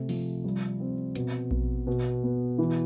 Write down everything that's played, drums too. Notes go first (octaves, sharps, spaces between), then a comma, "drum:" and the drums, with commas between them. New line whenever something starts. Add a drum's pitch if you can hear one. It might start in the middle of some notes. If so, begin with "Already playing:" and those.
Already playing: C3 A3
F3, drum: open hi-hat
G3
C4
B2, drum: hi-hat
B3, drum: kick A#1
B2
B3
E3